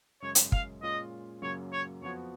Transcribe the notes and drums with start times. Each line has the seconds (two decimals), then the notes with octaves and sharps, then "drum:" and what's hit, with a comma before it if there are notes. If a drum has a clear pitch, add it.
0.22 F#2 C#3 G#3 C#4 C#5
0.35 drum: hi-hat
0.52 F5, drum: kick
0.82 A#2 G#3 C#4 F4 D#5
1.42 F#2 C#3 F#3 A#3 C#5
1.72 C#5
2.02 F2 F3 B3 F#4 C#5